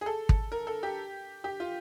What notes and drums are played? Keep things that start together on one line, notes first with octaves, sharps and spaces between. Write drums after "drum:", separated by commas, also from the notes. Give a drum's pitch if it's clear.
G#4
A4
drum: kick
A#4
A4
G4
G4
F4